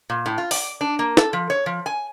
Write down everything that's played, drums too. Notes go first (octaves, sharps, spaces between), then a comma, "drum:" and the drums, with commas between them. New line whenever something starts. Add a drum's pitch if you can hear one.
A#2
A2
F4
D5, drum: open hi-hat
D4
A#3
A4, drum: snare
F3
C#5
F3
G#5